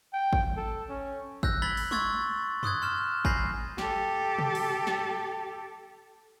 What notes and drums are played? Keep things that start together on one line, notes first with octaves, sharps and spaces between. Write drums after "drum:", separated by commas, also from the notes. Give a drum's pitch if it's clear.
G5
drum: kick G#1
A4
C#4
E6 F#6 G6 A#6, drum: kick G#1
B5 G#6 A6 B6 F#7 G7
drum: open hi-hat
C6 C#6 E6 G#6 A6, drum: tom G3
C6 D#6 F#6 G#6, drum: tom
C6 F6 E7
G#5 B5 G6 A#6 C7, drum: kick G#1
G4 A4, drum: snare
drum: tom
drum: open hi-hat
drum: snare